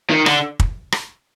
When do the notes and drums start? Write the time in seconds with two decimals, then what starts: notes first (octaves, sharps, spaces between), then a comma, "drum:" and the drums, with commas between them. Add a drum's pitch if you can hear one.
0.10 D#3
0.26 D3, drum: rim click
0.60 drum: kick
0.92 drum: rim click